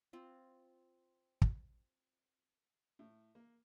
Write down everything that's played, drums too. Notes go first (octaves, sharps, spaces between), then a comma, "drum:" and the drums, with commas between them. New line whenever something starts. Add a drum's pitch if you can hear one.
C4 F4
drum: kick
A2
A#3